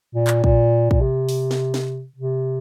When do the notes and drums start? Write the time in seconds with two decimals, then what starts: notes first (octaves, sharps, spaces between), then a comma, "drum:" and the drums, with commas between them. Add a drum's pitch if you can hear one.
0.15 A#2
0.27 drum: clap
0.44 A#2, drum: kick
0.91 A#2, drum: kick
1.01 C3
1.29 drum: open hi-hat
1.51 drum: snare
1.74 drum: snare
2.16 C3